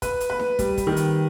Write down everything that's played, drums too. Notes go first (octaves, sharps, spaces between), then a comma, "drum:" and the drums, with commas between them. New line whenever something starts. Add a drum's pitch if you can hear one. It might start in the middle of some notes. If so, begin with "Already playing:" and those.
B4, drum: kick, hi-hat
drum: hi-hat
B4
drum: snare D#4
G3, drum: kick, hi-hat
drum: kick, hi-hat
D#3
drum: hi-hat